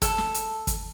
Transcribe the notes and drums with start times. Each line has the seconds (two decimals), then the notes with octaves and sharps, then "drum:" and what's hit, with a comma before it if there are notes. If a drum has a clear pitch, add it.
0.02 A4, drum: kick, hi-hat
0.18 drum: snare
0.34 drum: hi-hat
0.67 drum: kick, hi-hat